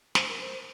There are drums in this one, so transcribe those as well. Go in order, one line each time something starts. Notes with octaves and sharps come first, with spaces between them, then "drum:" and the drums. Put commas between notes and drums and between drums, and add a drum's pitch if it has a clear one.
C5, drum: snare
A#4
C5